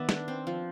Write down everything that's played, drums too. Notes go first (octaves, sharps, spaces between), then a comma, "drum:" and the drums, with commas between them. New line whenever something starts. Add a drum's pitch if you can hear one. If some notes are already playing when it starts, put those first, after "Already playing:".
Already playing: D#3 B3 D5 E5
D4, drum: snare
C4
F3